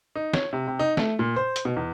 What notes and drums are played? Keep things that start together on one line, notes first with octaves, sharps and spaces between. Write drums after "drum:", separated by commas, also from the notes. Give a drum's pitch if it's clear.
D#4
C#5, drum: snare
C3
C3
D#4
A3, drum: snare
A#2
C5
drum: hi-hat
B2
E2